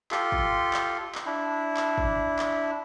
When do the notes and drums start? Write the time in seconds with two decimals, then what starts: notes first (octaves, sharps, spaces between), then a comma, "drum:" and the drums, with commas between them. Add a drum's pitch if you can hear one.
0.11 F4 G4 A4 C6, drum: clap
0.32 drum: kick
0.73 drum: clap
1.15 drum: clap
1.26 D4 E4
1.77 drum: clap
1.98 drum: kick
2.39 drum: clap